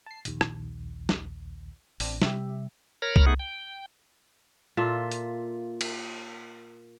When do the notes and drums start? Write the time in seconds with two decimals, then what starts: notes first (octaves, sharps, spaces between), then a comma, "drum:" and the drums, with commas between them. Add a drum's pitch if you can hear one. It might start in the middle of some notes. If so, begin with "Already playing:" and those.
0.06 A5 C7
0.25 A#1 D#2, drum: hi-hat
0.41 drum: rim click
1.09 drum: snare
2.00 A1 C4 D4, drum: open hi-hat
2.22 C3 G3 G4 E5, drum: snare
3.02 A#4 C#5 A#5 B5 F6
3.16 drum: kick C2
3.26 A3 B3 D#4 G#4 F#5
3.39 G5
4.77 A#2 F4 A4 E5
5.11 drum: hi-hat
5.81 drum: cymbal